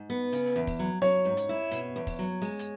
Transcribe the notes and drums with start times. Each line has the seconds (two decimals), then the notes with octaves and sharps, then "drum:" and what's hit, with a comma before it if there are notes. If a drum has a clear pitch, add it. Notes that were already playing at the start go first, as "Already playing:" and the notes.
Already playing: G#2
0.10 B3
0.33 C#3, drum: hi-hat
0.56 E2
0.67 drum: kick, open hi-hat
0.79 F#3
1.02 F#3 C#5
1.25 G#2
1.37 drum: hi-hat
1.49 E4
1.71 B2, drum: hi-hat
1.96 E2
2.07 drum: kick, open hi-hat
2.19 F#3
2.42 G#3, drum: open hi-hat
2.59 drum: hi-hat